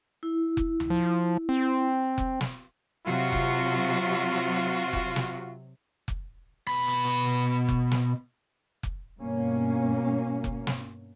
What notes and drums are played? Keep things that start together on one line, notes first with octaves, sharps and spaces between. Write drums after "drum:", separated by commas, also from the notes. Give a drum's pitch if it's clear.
E4
drum: kick F1
drum: tom D2
F3
C4
drum: kick F1
drum: snare
C3 F#3 F4 F#4
drum: kick F1
drum: kick F1
drum: snare
drum: kick F1
B2 B5
drum: kick F1
drum: snare
drum: kick F1
G2 B2 A#3 C#4
drum: kick F1
drum: snare